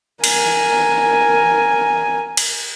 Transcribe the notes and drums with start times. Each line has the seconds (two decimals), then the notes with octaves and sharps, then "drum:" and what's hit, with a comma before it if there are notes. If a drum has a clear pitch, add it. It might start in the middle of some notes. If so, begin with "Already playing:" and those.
0.24 A#4 G#5, drum: cymbal
2.37 drum: cymbal